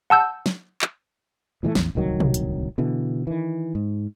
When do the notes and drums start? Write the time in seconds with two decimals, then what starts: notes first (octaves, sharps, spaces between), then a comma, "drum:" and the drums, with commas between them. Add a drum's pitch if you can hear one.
0.10 F#5 A5 E6 G6
0.46 drum: snare
0.82 drum: clap
1.63 A#2 E3 G#3 A3
1.75 A1 E2, drum: snare
1.95 D1 C2 D#3 F#3
2.20 drum: tom B2
2.34 drum: hi-hat
2.78 B2 D3 E3
3.27 D#3 E3
3.75 G#2